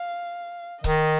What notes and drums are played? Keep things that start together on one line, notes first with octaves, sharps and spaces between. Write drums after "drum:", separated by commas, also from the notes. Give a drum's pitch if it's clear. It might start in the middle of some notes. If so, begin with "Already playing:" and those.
Already playing: F5
D#3 D#5, drum: kick C#1, hi-hat